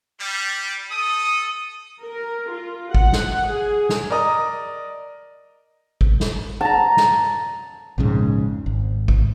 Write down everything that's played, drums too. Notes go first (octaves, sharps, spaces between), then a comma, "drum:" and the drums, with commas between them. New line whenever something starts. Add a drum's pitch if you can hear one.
G3
A4 D#6
A#4
F4
F#5, drum: kick G#1
drum: snare
G#4
drum: snare
A#4 D5 D#5 A#5 D#6
drum: kick G#1
drum: snare
A5 A#5
drum: snare
A#1 F2 G#2 C#3
G#1
drum: kick G#1